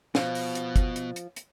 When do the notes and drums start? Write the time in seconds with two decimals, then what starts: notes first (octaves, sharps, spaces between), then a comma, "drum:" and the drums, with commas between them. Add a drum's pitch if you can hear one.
0.15 B2 F3, drum: snare
0.35 drum: open hi-hat
0.55 drum: hi-hat
0.76 drum: kick, hi-hat
0.96 drum: hi-hat
1.16 drum: hi-hat
1.36 drum: hi-hat